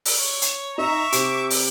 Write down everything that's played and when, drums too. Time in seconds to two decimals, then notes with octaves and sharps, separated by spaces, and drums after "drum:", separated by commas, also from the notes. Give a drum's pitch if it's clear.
0.05 drum: open hi-hat
0.19 C#5
0.42 drum: hi-hat
0.78 D#4 E5 A#5 C#6
1.12 C3 D6, drum: hi-hat
1.50 drum: open hi-hat